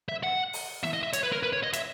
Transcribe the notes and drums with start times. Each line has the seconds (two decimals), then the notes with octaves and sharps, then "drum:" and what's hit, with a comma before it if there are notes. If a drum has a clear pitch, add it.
0.09 E5
0.23 F#5
0.53 drum: open hi-hat
0.83 E5, drum: snare
0.93 D#5
1.03 E5
1.13 C#5, drum: hi-hat
1.23 B4
1.32 A#4
1.43 B4
1.53 C#5
1.63 D#5
1.73 E5, drum: hi-hat